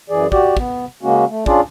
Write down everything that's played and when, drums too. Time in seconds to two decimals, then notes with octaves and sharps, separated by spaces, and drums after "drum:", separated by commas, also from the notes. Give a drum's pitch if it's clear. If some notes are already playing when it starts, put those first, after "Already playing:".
0.10 F#2 E3 G#4 D5
0.32 F#4 G4 D5, drum: kick
0.57 B3, drum: kick
1.03 C#3 G#3 A#3 C#4 F#4
1.29 A3
1.46 C#4 D4 F4 G#4 D5, drum: kick